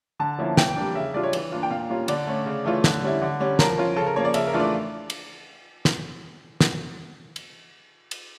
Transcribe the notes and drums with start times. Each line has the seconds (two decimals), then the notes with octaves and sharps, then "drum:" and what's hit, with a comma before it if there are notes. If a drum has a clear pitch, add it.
0.20 D3 A5
0.39 F3 A#3 C#4 E4
0.57 E3 G5, drum: snare
0.76 G3 A#3 D4
0.95 C#3 E5
1.14 G3 D4 F4 D5
1.23 C#5
1.33 E3, drum: cymbal
1.52 A#3 D4 F4
1.63 G5
1.71 A#2 F5
1.89 G3 A#3 C#4 F4
2.08 D3 D5, drum: cymbal
2.27 A3 C#4
2.46 C#3
2.65 E3 A3 C#4 F4
2.84 D3, drum: snare
3.03 G3 C#4 E4
3.22 D3
3.40 G3 C#4
3.59 F3 A#4, drum: snare
3.78 C#4 F4
3.96 C#3 A4
4.06 A#4
4.16 F3 A#3 C#4 C#5
4.25 D5
4.34 C#3 E5, drum: cymbal
4.47 A#4
4.53 E3 A3 D4 F4
4.60 D5
5.10 drum: cymbal
5.85 drum: snare
6.61 drum: snare
7.36 drum: cymbal
8.11 drum: cymbal